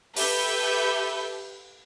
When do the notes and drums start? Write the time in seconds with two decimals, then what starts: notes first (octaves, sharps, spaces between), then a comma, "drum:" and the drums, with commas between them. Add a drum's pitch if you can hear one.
0.16 G4 A4 B4 E5 G6, drum: open hi-hat